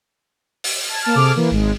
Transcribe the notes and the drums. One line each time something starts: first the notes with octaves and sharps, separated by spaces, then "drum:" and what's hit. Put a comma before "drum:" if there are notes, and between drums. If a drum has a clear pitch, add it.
drum: open hi-hat
A5 G#6
A#3 A5 F6
C3 G#4 A4 D6 F6
E3 A#3
G#1 G#3